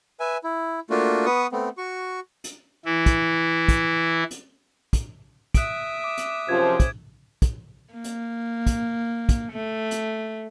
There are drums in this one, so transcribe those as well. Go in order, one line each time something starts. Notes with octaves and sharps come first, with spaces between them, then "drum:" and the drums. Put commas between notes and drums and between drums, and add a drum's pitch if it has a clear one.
B4 E5 G#5
E4
A3 A#3 D4 F4 F#4
B3 B4 C#6 D#6
A3 B3 C4
F#4 C#6
drum: hi-hat
E3 E4
drum: kick, hi-hat
drum: kick, hi-hat
drum: hi-hat
drum: kick, hi-hat
E5 D#6 F#6 D7, drum: kick, hi-hat
D6
drum: hi-hat
F#2 C3 F3 C#4 G#4 C5 G#6
drum: kick, hi-hat
drum: kick, hi-hat
A#3
drum: hi-hat
drum: kick, hi-hat
drum: kick, hi-hat
A3
drum: hi-hat